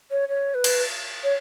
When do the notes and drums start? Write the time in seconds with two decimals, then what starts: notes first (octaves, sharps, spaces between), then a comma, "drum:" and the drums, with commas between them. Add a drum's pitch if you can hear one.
0.11 C#5
0.29 C#5
0.55 B4
0.64 drum: cymbal
1.24 C#5